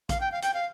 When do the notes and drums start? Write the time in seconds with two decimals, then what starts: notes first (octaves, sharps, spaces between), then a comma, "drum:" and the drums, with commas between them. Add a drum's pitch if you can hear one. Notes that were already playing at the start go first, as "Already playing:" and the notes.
0.09 F5, drum: kick, hi-hat
0.21 G5
0.32 F5
0.42 G5, drum: hi-hat
0.54 F5